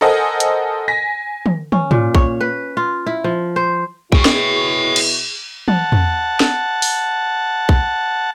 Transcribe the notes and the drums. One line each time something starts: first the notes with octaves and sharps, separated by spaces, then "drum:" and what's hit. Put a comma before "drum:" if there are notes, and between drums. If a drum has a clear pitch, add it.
A4 A#4 C5 D#5 F#5 G#5
drum: hi-hat
G#5 A#6 B6
drum: tom
C#4, drum: tom
A#2, drum: tom
C#5, drum: kick
B4
F4
E4
F3
C5
B2 E4 G#4 C#5 G5 C#6, drum: kick
drum: snare
drum: cymbal
F#5 A5, drum: tom
drum: tom
drum: snare
drum: open hi-hat
drum: kick